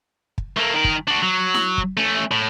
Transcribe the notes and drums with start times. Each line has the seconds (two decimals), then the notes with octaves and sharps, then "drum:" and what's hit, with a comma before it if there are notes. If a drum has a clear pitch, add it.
0.38 drum: kick
0.57 A3 A#3
0.74 D#3 A#4
0.84 drum: kick
1.08 D4 F#4
1.22 F#3
1.54 drum: snare E4
1.78 drum: kick
1.97 A3 C#4
2.31 A2